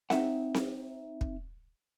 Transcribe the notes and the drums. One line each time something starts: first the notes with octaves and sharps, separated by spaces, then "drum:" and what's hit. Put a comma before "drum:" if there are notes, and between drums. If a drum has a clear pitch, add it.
C4 D#4 E5 F#5, drum: snare C4
drum: snare C4
drum: kick